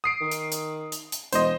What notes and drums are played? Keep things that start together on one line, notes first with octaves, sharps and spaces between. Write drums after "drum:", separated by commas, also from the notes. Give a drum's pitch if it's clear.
D#6 C7 D7
D#3
drum: hi-hat
drum: hi-hat
drum: hi-hat
drum: hi-hat
E1 C5 D#5, drum: hi-hat